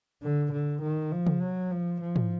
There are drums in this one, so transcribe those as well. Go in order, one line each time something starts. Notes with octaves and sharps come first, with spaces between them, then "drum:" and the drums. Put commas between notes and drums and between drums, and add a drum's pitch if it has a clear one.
D3
D3
D#3
F3
drum: tom
F#3
F3
F3
drum: tom